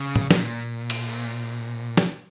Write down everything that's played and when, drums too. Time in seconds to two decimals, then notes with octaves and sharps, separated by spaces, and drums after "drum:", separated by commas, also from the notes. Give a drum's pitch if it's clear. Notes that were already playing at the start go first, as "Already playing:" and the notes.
Already playing: C#3
0.16 drum: tom
0.31 A#2, drum: snare
0.90 drum: cymbal
1.97 drum: snare